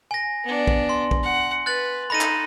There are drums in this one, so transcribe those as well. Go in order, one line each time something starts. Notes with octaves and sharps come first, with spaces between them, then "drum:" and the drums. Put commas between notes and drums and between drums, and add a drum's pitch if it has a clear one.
G#5 A#6
B3 D4
drum: kick
C6
drum: kick
F#5
B4 F#6 A6 F#7
D#4 A4 B5 A#6 D#7
drum: clap